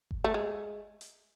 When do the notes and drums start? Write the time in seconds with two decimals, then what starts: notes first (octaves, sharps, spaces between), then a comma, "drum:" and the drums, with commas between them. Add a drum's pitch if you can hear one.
0.11 drum: kick G1
0.24 A3
0.34 G#3
1.01 drum: hi-hat